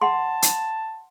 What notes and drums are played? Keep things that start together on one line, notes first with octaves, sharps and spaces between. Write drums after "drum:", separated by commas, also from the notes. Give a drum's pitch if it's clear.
F#5 A5 C6
drum: hi-hat